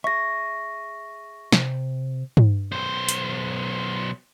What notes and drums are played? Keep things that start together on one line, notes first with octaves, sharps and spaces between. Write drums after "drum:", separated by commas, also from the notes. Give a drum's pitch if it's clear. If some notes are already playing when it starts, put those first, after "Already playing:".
G#4 E5 C#6 A#6
C3, drum: snare
drum: tom
B1 C5
drum: hi-hat